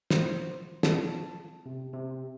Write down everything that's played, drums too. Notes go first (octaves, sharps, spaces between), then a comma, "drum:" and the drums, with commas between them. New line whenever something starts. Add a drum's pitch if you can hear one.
C5, drum: snare
A5, drum: snare
C3
C3